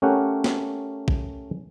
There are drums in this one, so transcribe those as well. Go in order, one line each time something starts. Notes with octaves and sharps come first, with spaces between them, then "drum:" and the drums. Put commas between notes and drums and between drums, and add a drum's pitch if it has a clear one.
A3 C#4 G4 A#4 F#5
drum: snare
drum: kick